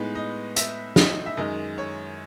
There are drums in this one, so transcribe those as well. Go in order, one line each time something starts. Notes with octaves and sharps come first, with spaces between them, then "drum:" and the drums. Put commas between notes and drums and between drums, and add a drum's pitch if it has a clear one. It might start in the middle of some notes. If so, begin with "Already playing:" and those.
Already playing: A2 G#3 B3 D#4 B4
D#5
E5, drum: hi-hat
D#5, drum: snare
E5
F#2 D#3 G#3 D#5
C#5